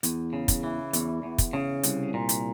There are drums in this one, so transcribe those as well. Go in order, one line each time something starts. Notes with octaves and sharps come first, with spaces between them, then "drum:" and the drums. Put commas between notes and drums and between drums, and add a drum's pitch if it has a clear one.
E2, drum: hi-hat
C#3
drum: kick, hi-hat
E3
E2, drum: hi-hat
E2
drum: kick, hi-hat
C#3
C2, drum: hi-hat
A#2
drum: hi-hat